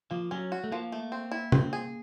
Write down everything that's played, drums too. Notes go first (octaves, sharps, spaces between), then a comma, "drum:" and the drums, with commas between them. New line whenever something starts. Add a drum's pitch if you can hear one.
F3 A#3
F#3 C#4
F#4
A3
F3 A#3
A3
C4
E4
C4, drum: tom
G#4